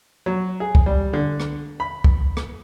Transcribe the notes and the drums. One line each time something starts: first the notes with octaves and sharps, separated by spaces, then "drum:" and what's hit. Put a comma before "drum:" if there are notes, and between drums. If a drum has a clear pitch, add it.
F#3
G#4
drum: kick
G3
D3
drum: rim click
B5
drum: kick
drum: rim click